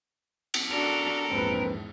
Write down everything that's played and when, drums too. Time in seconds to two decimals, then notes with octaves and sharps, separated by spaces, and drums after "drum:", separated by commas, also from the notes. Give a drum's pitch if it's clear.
0.54 drum: cymbal
0.72 D4 F#4 A4 A#4
1.31 A#1 E2 G#2 C4 B4